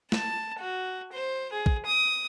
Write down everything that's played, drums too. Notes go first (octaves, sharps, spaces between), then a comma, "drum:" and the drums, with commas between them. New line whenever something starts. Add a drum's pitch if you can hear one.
A5, drum: snare
F#4
C5
G#4
drum: kick
D#6